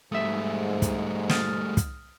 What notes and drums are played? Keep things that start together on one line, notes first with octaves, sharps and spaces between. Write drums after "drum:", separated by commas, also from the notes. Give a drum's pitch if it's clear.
G#2 G3 A3 E5 D#6
drum: kick, hi-hat
D#6 F6 A6, drum: snare
drum: kick, hi-hat